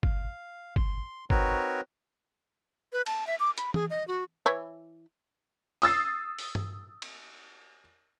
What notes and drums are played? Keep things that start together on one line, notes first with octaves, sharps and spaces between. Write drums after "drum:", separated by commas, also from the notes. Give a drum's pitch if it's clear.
F5, drum: kick G1
C6, drum: kick G1
C4 D#4 F#4 A#4 B4 C#5, drum: kick G1
B4
A5, drum: cymbal
E5
D6
B5, drum: hi-hat
G#4, drum: tom E3
D#5
F#4
E3 E4 C#5
D#6 E6 A6 C7, drum: open hi-hat
drum: open hi-hat
drum: tom G2
drum: cymbal